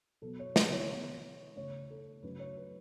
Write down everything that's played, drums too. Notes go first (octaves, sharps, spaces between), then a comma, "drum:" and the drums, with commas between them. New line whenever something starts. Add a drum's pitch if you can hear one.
B2 F#3 B3 A4
C#5
B4, drum: snare
C#5
E3 B3
C#3 A3 C#4 C#5
A4
C#3 F#3 A3 C#4 B4
C#5
B4